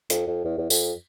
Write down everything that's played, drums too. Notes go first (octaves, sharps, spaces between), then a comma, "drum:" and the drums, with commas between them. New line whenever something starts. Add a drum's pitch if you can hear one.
F2, drum: hi-hat
F2
E2
E2
F2, drum: tambourine